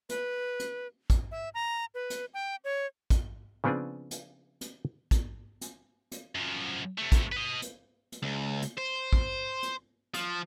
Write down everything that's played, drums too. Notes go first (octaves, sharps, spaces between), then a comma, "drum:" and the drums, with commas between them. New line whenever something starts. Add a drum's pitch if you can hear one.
B4, drum: hi-hat
drum: hi-hat
drum: kick A1, hi-hat
E5
A#5
B4
drum: hi-hat
G5
C#5
drum: kick A1, hi-hat
C#3 F3 B3 C4 D4 G#4
drum: hi-hat
drum: hi-hat
drum: kick A1, hi-hat
drum: hi-hat
drum: hi-hat
F#2 F3
C3 A3
drum: kick A1, hi-hat
B4 D#5
drum: hi-hat
drum: hi-hat
C#2
drum: hi-hat
C5
drum: kick A1
drum: hi-hat
F3, drum: hi-hat